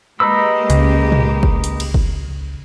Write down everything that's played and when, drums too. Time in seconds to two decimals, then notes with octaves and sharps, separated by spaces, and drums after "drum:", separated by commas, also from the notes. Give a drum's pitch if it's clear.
0.20 G#3 A#3 D#4 G4 B4 E6
0.70 C#2 C#3, drum: hi-hat
1.12 drum: tom
1.43 drum: kick F#1
1.64 drum: hi-hat
1.80 drum: cymbal
1.94 drum: kick F#1